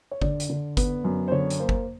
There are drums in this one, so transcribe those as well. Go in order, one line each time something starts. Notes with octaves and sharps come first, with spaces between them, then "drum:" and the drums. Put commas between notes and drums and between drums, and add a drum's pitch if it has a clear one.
C#5
D3 D5, drum: kick
drum: hi-hat
D3
B3, drum: kick, hi-hat
F#2
C5
D3 C#5
drum: hi-hat
A#3 C5
drum: kick